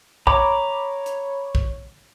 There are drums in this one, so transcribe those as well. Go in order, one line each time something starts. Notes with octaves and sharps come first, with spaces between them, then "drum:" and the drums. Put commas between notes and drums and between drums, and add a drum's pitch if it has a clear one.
C#5 A#5 B5 D6, drum: kick
drum: hi-hat
drum: kick